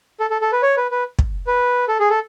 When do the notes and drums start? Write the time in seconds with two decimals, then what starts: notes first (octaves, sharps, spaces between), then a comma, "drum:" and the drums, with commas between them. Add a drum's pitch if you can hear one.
0.20 A4
0.30 A4
0.41 A4
0.52 B4
0.63 C#5
0.77 B4
0.91 B4
1.19 drum: kick
1.47 B4
1.88 A4
1.99 G#4
2.10 A4